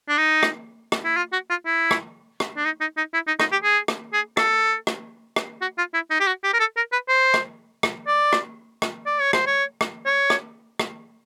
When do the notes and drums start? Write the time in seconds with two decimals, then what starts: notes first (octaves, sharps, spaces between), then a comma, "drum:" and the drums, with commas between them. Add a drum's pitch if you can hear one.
0.09 D4
0.18 D#4
0.43 drum: rim click
0.92 drum: rim click
1.04 E4
1.17 F4
1.33 F#4
1.50 F4
1.66 E4
1.91 drum: rim click
2.40 drum: rim click
2.57 D4
2.65 D#4
2.81 D#4
2.97 D#4
3.14 E4
3.27 D#4
3.40 D#4, drum: rim click
3.52 G4
3.63 G#4
3.88 drum: rim click
4.13 G#4
4.37 A4, drum: rim click
4.87 drum: rim click
5.36 drum: rim click
5.61 F#4
5.78 F4
5.94 E4
6.10 D#4
6.20 G4
6.27 F#4
6.44 G4
6.54 A#4
6.60 A4
6.77 A#4
6.92 B4
7.09 C5
7.34 drum: rim click
7.83 drum: rim click
8.07 D5
8.33 drum: rim click
8.82 drum: rim click
9.06 D5
9.20 C#5
9.33 C5, drum: rim click
9.46 C#5
9.81 drum: rim click
10.06 C#5
10.30 drum: rim click
10.79 drum: rim click